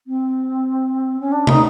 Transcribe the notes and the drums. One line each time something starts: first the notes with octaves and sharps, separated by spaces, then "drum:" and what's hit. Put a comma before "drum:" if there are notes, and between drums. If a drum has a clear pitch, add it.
C4
C#4
D4
D#4, drum: tom